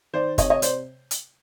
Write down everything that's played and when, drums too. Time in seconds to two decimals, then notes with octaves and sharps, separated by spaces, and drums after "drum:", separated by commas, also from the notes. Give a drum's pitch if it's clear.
0.13 D#3 C5 D5
0.38 C3 C#5 D#5, drum: kick, hi-hat
0.50 C#5 D#5
0.62 C5 D5, drum: hi-hat
1.11 drum: hi-hat